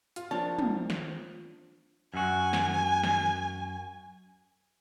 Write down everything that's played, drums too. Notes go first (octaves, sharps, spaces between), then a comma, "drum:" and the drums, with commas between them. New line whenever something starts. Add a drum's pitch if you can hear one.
F4, drum: hi-hat
F3 D4 A#4 C#5 A5
drum: tom
drum: snare
F#2 F#4 G#5
drum: snare
drum: snare